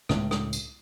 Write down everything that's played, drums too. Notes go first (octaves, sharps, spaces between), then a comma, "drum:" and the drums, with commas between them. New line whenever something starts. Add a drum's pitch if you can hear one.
C#2 A2 G#3, drum: rim click
drum: rim click
drum: tambourine